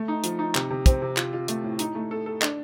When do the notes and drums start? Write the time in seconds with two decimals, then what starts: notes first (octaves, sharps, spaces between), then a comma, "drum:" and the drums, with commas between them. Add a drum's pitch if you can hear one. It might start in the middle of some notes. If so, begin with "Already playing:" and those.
Already playing: A3
0.08 D#4
0.24 F3, drum: hi-hat
0.39 D#4
0.55 C3, drum: clap
0.70 C3
0.86 C4, drum: kick, hi-hat
1.02 C3
1.17 F4, drum: clap
1.33 F4
1.48 A3, drum: hi-hat
1.64 A2
1.79 D#4, drum: hi-hat
1.95 A3
2.11 A4
2.26 A4
2.42 D4, drum: clap